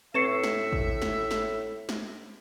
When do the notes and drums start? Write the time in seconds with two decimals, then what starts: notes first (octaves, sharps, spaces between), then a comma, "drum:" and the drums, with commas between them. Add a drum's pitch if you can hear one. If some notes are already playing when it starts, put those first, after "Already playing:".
0.14 A2 C4 B4 E5 C#6 C7 C#7 E7
0.43 drum: snare
0.73 drum: kick
1.02 drum: snare
1.31 drum: snare
1.89 drum: snare